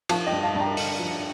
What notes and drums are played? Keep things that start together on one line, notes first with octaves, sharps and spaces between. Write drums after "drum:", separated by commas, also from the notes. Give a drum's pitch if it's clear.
F3 F5 A5, drum: cymbal
D#5 G5
G2
F5 A5
G2 A5
G5 A#5
D3, drum: open hi-hat
F3